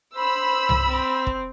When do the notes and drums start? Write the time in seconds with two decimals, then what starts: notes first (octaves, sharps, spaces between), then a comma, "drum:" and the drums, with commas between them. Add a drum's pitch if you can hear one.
0.15 C5 B5 E6
0.69 drum: tom C2
0.88 C4
1.27 drum: kick